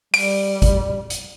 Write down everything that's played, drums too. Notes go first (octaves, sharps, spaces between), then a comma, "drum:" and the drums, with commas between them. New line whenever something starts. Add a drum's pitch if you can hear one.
G3 D7, drum: open hi-hat
drum: kick G#1, hi-hat
drum: hi-hat